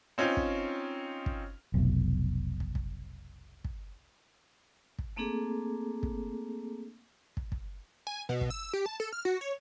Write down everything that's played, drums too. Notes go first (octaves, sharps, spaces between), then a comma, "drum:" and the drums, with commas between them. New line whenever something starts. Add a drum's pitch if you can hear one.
C4 C#4 D#4 F4 G5
drum: kick
drum: kick
F1 B1
drum: kick
drum: kick
drum: kick
drum: kick
A3 A#3 C4 D4 G#4 A4
drum: kick
drum: kick
drum: kick
G#5
B2
drum: kick
E6
G4
A5
A4
F6
F#4
C#5